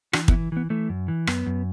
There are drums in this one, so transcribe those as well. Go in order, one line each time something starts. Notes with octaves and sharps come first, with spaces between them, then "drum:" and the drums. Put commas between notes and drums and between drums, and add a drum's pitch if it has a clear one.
E3 D4 F#4, drum: rim click
B3 E4, drum: kick
E3
E3 B3
E3 A3
F#2
E3
F#2 B3, drum: rim click
F#2